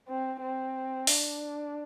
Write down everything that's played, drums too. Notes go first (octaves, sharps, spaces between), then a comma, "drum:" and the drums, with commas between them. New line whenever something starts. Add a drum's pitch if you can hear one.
C4
C4
D4, drum: open hi-hat